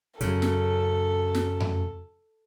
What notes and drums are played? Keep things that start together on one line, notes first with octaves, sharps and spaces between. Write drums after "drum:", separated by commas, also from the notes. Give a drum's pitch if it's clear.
F#2 C#3 A4, drum: hi-hat
drum: snare
drum: snare
drum: tom F2